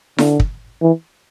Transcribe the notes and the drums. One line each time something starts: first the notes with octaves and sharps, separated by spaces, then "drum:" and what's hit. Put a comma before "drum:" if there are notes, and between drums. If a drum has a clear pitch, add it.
D3, drum: snare E4
drum: kick
E3